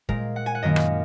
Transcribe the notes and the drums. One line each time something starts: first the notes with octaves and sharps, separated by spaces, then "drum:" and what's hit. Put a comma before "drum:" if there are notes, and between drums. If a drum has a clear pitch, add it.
A#2 G#3 A#4, drum: kick
F#5
G#5
F#5
F#2 D#3 A#3 D#5
drum: rim click